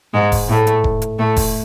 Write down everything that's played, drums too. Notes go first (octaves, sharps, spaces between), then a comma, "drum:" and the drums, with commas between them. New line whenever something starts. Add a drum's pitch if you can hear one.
G#2 G#3
drum: kick E1, open hi-hat
A2 A3
drum: hi-hat
drum: kick E1
drum: hi-hat
A2 A3
drum: kick E1, open hi-hat